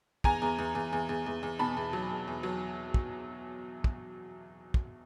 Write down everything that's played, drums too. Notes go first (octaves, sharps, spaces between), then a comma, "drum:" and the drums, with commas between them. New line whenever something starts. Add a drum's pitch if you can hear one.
E2 G#5 A#5, drum: kick
E2
E2
E2
E2
E2
E2
E2
B2 A5 B5
E2
F#3
E2
E2
F#3
drum: kick
drum: kick
drum: kick